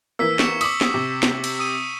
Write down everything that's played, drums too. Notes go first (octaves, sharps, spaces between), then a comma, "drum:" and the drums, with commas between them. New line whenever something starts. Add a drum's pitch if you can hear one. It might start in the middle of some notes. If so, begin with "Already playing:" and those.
E3 A#3 E6 B6
C#6 C#7 E7, drum: snare
D6 D#6 B6 F#7, drum: cymbal
drum: snare
C3
drum: snare
drum: cymbal
D#6 D#7